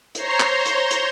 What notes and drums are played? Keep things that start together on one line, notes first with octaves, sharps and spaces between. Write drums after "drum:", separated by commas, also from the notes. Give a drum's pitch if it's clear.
C5 C#5 A#5 C6, drum: hi-hat
drum: clap
drum: hi-hat
drum: hi-hat